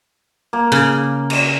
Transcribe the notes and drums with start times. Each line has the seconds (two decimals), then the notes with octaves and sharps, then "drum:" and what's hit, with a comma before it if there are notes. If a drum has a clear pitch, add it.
0.53 A#3
0.72 C#3
1.30 drum: cymbal